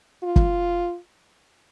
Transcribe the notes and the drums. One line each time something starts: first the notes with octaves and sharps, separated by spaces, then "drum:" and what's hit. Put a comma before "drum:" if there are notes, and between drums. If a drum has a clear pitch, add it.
F4
drum: kick F#1